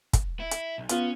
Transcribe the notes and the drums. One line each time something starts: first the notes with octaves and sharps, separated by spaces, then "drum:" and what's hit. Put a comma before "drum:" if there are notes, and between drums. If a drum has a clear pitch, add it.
drum: kick, hi-hat
E4
drum: hi-hat
B1
B3 C#4 F4, drum: hi-hat